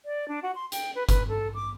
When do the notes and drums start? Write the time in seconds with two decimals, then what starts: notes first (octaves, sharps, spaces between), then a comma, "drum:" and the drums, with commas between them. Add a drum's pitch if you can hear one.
0.05 D5
0.28 D4
0.43 F#4
0.55 C6
0.72 G5, drum: hi-hat
0.95 B4
1.09 B4, drum: kick F#1, hi-hat
1.29 A4
1.54 D6